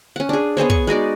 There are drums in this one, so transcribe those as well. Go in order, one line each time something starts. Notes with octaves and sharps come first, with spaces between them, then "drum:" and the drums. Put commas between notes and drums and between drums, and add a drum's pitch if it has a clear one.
C#4 F#5
D4 G#4
B3 G#4 C5 C#5
C#6, drum: kick
G#3 D#4 F#4 D5